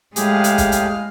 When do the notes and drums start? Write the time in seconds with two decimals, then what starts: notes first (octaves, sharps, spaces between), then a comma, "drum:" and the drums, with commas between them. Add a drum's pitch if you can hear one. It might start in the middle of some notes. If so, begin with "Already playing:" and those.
0.16 A2 G#3 G4 G#4 F5, drum: hi-hat
0.44 drum: hi-hat
0.58 drum: kick, hi-hat
0.72 drum: hi-hat